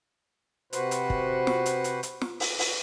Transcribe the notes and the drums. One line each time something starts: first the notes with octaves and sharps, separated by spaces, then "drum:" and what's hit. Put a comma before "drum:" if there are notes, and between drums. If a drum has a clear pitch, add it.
C3 F#4 B4 C5, drum: hi-hat
drum: hi-hat
drum: kick
drum: snare
drum: hi-hat
drum: hi-hat
drum: hi-hat
drum: snare
drum: open hi-hat
drum: open hi-hat